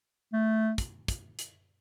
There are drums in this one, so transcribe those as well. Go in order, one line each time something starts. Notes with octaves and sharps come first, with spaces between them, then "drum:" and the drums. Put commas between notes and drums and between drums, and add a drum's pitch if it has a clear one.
A3
drum: kick, hi-hat
drum: kick, hi-hat
drum: hi-hat